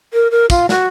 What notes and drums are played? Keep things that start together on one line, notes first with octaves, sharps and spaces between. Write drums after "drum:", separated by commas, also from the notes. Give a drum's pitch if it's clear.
A#4
A#4
F4, drum: kick, tambourine
F#4, drum: snare